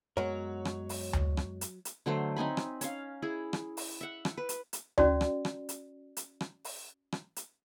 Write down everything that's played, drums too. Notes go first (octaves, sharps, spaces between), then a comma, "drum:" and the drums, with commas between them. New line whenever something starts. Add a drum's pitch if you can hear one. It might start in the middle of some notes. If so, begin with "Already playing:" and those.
F#2 F#3 G#3 B3 A#4 C#5
drum: rim click
drum: open hi-hat
drum: tom D2
drum: rim click
drum: hi-hat
drum: hi-hat
D3 F#3 A3 C5
C4 D#4 G#5 B5
drum: rim click
C#4 F5, drum: hi-hat
E4 G#4
drum: rim click
drum: open hi-hat
E5 F#5
drum: rim click
B4
drum: hi-hat
drum: hi-hat
C#4 F#4 D5, drum: tom D2
drum: rim click
drum: rim click
drum: hi-hat
drum: hi-hat
drum: rim click
drum: open hi-hat
drum: rim click
drum: hi-hat